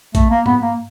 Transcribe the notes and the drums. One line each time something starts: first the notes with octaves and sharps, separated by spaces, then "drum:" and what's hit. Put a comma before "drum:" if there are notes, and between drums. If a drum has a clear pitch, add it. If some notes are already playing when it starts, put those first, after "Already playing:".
A3, drum: kick A#1, hi-hat
A#3
B3, drum: tom G#2
A#3